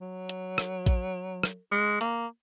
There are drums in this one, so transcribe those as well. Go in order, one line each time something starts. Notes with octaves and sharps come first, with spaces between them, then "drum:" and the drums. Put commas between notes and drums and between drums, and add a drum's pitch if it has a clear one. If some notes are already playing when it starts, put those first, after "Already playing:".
F#3
drum: hi-hat
drum: rim click
drum: kick A1, hi-hat
drum: rim click
G#3
A#3, drum: hi-hat